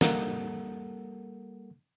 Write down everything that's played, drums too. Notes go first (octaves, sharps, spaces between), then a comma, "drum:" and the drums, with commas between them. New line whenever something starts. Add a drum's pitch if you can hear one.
G3 A#3 A4 A#4 F#5, drum: snare